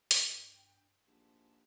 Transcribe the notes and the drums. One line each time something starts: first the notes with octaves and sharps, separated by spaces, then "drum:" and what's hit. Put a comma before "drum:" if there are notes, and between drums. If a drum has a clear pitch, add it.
G2 G5 G6, drum: hi-hat
A#1 G#2 G4 A5